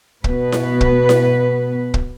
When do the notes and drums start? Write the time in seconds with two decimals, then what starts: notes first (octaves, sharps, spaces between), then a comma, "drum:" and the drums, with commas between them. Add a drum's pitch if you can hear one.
0.24 B2 B3 B4, drum: kick
0.52 drum: snare E4
0.81 drum: kick
1.09 drum: snare E4
1.94 drum: kick